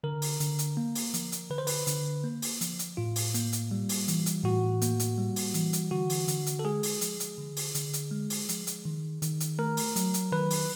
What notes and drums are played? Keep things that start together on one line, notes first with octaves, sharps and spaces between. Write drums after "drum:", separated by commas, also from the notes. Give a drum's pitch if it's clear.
D3 A#4
drum: open hi-hat
D3, drum: hi-hat
drum: hi-hat
A#3
drum: open hi-hat
F3, drum: hi-hat
drum: hi-hat
D3 B4
C5
B4, drum: open hi-hat
D3, drum: hi-hat
A#3
drum: open hi-hat
F3, drum: hi-hat
drum: hi-hat
A2 F4
drum: open hi-hat
A#3, drum: hi-hat
drum: hi-hat
G3
drum: open hi-hat
E3, drum: hi-hat
drum: hi-hat
A2 F#4
A#3, drum: hi-hat
drum: hi-hat
G3
drum: open hi-hat
E3, drum: hi-hat
drum: hi-hat
D3 F#4
drum: open hi-hat
D3, drum: hi-hat
drum: hi-hat
A4
G#3 G#4
drum: open hi-hat
F3, drum: hi-hat
drum: hi-hat
D3
drum: open hi-hat
D3, drum: hi-hat
drum: hi-hat
G#3
drum: open hi-hat
F3, drum: hi-hat
drum: hi-hat
D#3
D#3, drum: hi-hat
drum: hi-hat
A3 A#4
drum: open hi-hat
F#3, drum: hi-hat
drum: hi-hat
D#3 B4
drum: open hi-hat